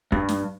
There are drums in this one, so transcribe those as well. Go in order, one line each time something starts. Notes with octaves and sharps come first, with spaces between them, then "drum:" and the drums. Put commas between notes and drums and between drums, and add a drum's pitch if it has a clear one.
G2, drum: kick
drum: snare